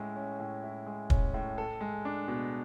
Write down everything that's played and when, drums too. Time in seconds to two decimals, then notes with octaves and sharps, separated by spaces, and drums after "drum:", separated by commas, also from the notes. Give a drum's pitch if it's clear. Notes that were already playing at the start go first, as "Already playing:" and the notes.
Already playing: A2 G#3 C#4 E4
0.16 C#4
0.40 A2
0.64 E4
0.86 G#3
1.10 C#4, drum: kick
1.34 A2
1.58 A4
1.81 G#3
2.05 D4
2.28 B2